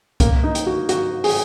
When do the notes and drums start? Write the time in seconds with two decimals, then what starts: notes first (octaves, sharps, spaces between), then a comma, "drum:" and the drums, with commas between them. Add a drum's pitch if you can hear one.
0.20 A#3, drum: kick C2, hi-hat
0.43 D#4
0.55 drum: hi-hat
0.67 F#4
0.89 F#4, drum: hi-hat
1.24 G#4, drum: open hi-hat